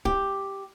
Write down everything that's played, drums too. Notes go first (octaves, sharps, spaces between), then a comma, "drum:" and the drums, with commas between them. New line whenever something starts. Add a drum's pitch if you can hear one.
G4, drum: kick